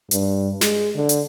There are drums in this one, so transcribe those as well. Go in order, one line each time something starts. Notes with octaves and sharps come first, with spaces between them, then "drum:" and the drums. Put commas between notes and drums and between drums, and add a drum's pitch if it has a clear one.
G2, drum: hi-hat
G#3, drum: snare
D3
drum: hi-hat